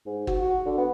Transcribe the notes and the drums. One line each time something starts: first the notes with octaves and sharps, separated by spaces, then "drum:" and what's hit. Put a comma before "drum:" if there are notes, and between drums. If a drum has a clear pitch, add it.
G#2
F#4, drum: kick
F#4
D3
B3